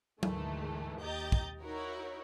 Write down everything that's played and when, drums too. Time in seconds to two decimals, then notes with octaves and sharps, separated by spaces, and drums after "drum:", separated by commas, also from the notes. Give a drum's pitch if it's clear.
0.23 D2 G#2 D#3 E3 G#3 A3, drum: tom F#3
1.01 D#2 G4 D#5 A#5 G6 A6
1.32 drum: kick
1.62 D#4 E4 F#4 A#4 C#5